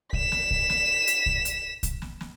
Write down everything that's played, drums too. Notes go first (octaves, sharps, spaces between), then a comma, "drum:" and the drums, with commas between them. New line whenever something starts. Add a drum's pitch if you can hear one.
B6 E7, drum: kick B1
drum: snare
drum: kick B1
drum: snare
drum: hi-hat
drum: kick B1
drum: hi-hat
drum: kick B1, hi-hat
drum: snare
drum: snare